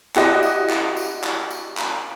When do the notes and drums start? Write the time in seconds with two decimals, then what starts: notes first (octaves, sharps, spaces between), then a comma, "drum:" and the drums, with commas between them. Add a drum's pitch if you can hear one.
0.16 E4 F#4 G4 D5 D#5, drum: clap
0.43 drum: tambourine
0.70 drum: clap
0.97 drum: tambourine
1.24 drum: clap
1.50 drum: tambourine
1.77 drum: clap